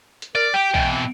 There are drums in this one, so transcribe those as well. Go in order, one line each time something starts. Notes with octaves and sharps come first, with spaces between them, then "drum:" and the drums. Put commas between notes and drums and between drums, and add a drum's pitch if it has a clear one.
drum: hi-hat
A#4 D5
G4 G5
B2 E3, drum: kick B1
C4